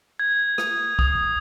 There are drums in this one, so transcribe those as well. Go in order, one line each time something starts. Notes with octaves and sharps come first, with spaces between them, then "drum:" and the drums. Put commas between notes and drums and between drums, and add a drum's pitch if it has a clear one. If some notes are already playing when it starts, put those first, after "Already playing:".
G#6
D#6, drum: rim click
D#6, drum: kick